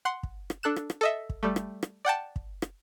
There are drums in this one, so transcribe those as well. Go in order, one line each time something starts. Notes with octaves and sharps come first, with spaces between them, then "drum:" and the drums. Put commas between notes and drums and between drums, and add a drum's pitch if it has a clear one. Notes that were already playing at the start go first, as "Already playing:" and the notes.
F#5 C6
drum: kick
drum: rim click
D4 A4 F#6 E7
drum: rim click
drum: rim click
A4 D#5 E5
drum: kick
G3 A3
drum: rim click
drum: rim click
D5 F#5 G5 A5
drum: kick
drum: rim click